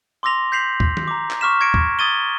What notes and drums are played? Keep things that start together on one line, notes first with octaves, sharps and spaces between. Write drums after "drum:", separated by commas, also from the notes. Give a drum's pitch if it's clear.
C6 D6 E6 A#6 F7
G6 B6 C7 F7 F#7
drum: kick
drum: tom D#3
A#5 D6
drum: clap
C#6 D6 F6 B6 E7
C#6 G#6 A#6 C#7 D7
drum: kick
D#6 G#6 A6 D#7 G7